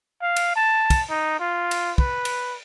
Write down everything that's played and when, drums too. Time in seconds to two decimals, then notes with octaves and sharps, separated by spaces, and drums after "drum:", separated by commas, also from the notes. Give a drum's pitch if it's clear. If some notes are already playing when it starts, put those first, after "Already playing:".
0.22 F5
0.36 drum: cymbal
0.56 A5
0.90 drum: kick, cymbal
1.10 D#4
1.40 F4
1.71 drum: cymbal
1.98 B4, drum: kick
2.25 drum: cymbal